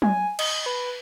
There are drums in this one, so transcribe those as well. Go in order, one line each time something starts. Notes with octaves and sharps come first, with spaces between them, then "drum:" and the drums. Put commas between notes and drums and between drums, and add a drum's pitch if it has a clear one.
G#5, drum: tom F#3
D#5, drum: cymbal
B4